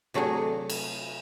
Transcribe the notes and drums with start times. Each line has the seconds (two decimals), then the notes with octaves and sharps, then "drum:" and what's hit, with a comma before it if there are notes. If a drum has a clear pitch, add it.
0.14 C3 F#3 A3 D4 G#4
0.70 drum: cymbal